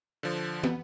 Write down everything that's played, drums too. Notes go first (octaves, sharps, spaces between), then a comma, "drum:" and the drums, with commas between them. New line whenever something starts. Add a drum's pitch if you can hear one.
D3 F3
B3, drum: tom